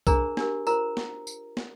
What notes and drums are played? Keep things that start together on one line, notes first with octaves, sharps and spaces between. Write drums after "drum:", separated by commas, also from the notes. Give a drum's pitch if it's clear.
D4 G#4 A#4 C5 A#5, drum: kick C2, tambourine
D4 G4 A#4, drum: snare
F4 A#4 C5 A#5, drum: tambourine
drum: snare
drum: tambourine
drum: snare